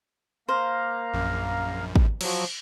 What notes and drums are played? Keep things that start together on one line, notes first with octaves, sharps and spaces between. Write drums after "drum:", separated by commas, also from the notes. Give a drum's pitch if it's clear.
A#3 C5 F5 A#5
A#1 F#2
drum: kick G#1
F3 F#3 F#4, drum: cymbal